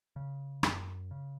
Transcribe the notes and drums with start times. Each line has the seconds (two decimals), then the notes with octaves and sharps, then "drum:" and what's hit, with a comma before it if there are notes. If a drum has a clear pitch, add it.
0.16 C#3
0.63 F#2, drum: rim click
1.11 C#3